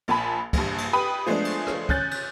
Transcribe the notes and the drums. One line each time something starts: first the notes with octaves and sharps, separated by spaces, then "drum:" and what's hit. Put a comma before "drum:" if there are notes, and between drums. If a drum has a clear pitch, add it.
A#1 A#2 G#5 A5 B5
A#1 G2, drum: kick, cymbal
drum: cymbal
G4 B4 B5 D#6 D#7
F3 G#3 A3 B3 D4
drum: cymbal
drum: rim click
C#4 F#6 G6 A6, drum: kick
drum: cymbal